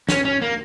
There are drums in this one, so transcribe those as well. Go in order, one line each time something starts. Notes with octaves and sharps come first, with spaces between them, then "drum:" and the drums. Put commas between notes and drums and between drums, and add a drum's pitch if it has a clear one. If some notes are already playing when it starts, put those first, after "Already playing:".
C#4, drum: snare
C#4
A#3